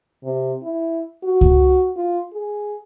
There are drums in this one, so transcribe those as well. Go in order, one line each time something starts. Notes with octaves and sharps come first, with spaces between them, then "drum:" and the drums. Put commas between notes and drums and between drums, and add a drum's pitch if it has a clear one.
C3
E4
F#4
drum: kick C#2
F4
G#4